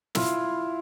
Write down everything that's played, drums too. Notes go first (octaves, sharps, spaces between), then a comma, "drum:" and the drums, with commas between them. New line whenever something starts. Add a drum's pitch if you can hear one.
E4 F4, drum: snare